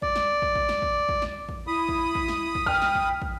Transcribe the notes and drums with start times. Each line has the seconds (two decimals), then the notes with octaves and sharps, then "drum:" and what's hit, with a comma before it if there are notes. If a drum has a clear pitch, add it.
0.02 D5, drum: kick
0.16 drum: snare
0.42 drum: kick
0.55 drum: kick
0.69 drum: snare
0.82 drum: kick
1.09 drum: kick
1.22 drum: snare
1.49 drum: kick
1.67 E4 B5 D#6
1.89 drum: kick
2.15 drum: kick
2.28 drum: snare
2.55 drum: kick
2.66 G5 F6, drum: kick
2.82 drum: snare
2.95 drum: kick
3.22 drum: kick